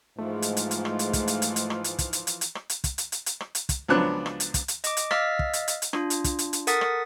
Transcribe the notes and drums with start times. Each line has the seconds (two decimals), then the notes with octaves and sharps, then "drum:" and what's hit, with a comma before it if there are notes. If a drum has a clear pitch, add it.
0.19 G#2 E3 F3 A3 F4
0.42 drum: hi-hat
0.57 drum: hi-hat
0.71 drum: hi-hat
0.85 drum: rim click
0.99 drum: hi-hat
1.13 drum: kick, hi-hat
1.28 drum: hi-hat
1.42 drum: hi-hat
1.56 drum: hi-hat
1.70 drum: rim click
1.84 drum: hi-hat
1.99 drum: kick, hi-hat
2.13 drum: hi-hat
2.27 drum: hi-hat
2.41 drum: hi-hat
2.55 drum: rim click
2.70 drum: hi-hat
2.84 drum: kick, hi-hat
2.98 drum: hi-hat
3.12 drum: hi-hat
3.26 drum: hi-hat
3.40 drum: rim click
3.55 drum: hi-hat
3.69 drum: kick, hi-hat
3.89 C#2 F3 F#3 B3 D4 F#6
4.26 drum: rim click
4.40 drum: hi-hat
4.54 drum: kick, hi-hat
4.68 drum: hi-hat
4.84 D#5 D6, drum: hi-hat
4.97 drum: hi-hat
5.11 D#5 F5 E6 F6 A6 B6, drum: rim click
5.39 drum: kick
5.53 drum: hi-hat
5.68 drum: hi-hat
5.82 drum: hi-hat
5.93 D4 F4, drum: rim click
6.10 drum: hi-hat
6.24 drum: kick, hi-hat
6.39 drum: hi-hat
6.53 drum: hi-hat
6.67 A4 A#4 F#5 D#6 A6 B6, drum: hi-hat
6.81 drum: rim click